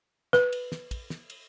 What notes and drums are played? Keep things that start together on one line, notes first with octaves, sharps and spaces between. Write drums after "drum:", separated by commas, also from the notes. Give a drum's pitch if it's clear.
B4, drum: snare
drum: cymbal
drum: snare
drum: kick, cymbal
drum: snare
drum: cymbal